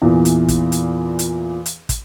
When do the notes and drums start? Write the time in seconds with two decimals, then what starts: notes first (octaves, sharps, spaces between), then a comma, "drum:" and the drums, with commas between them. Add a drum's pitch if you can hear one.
0.02 E2 A#2 E3
0.25 drum: hi-hat
0.48 drum: kick, hi-hat
0.72 drum: hi-hat
1.19 drum: hi-hat
1.66 drum: hi-hat
1.89 drum: kick, hi-hat